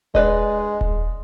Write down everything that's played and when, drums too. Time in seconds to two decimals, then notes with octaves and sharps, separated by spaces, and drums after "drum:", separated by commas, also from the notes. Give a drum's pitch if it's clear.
0.15 G#3 D4 B4 D#5, drum: kick D#1
0.81 drum: kick D#1